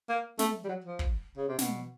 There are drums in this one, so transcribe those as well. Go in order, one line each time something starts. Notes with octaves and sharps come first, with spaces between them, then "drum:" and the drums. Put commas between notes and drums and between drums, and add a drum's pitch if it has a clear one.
A#3
A3, drum: snare
G3
F#3
F3
drum: kick
C#3
C3
B2, drum: snare